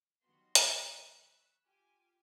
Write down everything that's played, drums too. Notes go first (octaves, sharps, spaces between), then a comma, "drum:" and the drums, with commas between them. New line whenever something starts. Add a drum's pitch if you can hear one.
D#3 F#3 G3 B3 F#4 C6
drum: hi-hat
B5 C#6 E6 F#6
F4 G4 G#5